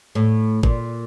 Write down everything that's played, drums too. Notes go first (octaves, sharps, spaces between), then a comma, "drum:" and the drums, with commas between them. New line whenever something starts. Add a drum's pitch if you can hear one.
A2
A#2, drum: kick G#1